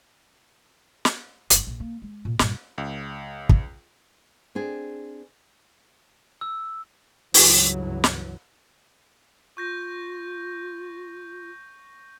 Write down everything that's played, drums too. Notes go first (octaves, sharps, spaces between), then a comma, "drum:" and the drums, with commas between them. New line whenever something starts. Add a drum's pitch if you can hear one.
drum: snare
G1 D#3, drum: hi-hat
A#1
A#3
G#3
A#2
G2 A#2, drum: snare
C#2
drum: kick
C4 D4 G#4
E6
C#2 G2 E3 F#3, drum: open hi-hat
drum: snare
F4 C#6 G6 A#6